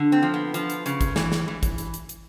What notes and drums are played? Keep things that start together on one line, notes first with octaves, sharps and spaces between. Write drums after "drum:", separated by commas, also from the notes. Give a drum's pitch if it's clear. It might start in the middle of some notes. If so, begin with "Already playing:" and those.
Already playing: D3
C4
F3
B3
F3, drum: hi-hat
drum: hi-hat
C#3, drum: hi-hat
drum: kick, hi-hat
E3, drum: snare
drum: snare
E3
drum: kick, hi-hat
drum: hi-hat
drum: hi-hat
drum: hi-hat